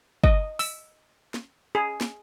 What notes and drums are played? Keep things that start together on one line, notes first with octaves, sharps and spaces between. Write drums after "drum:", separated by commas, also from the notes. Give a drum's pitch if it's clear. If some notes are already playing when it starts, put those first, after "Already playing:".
D#5, drum: kick
E6, drum: open hi-hat
drum: snare
G#4
drum: snare